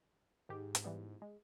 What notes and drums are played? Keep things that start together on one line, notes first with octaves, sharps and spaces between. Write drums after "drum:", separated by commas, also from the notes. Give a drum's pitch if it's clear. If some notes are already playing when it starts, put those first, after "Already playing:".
G#2 D#3 G4
drum: hi-hat
E3 G3 B3
G#3